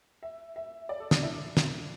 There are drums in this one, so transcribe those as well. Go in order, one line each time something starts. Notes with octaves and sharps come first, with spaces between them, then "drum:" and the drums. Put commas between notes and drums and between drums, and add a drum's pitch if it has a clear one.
E5
E5
D5
A4
D4, drum: snare
E4
D4, drum: snare